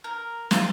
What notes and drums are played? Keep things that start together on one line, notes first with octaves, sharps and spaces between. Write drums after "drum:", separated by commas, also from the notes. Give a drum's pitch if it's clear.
A#4
F4, drum: snare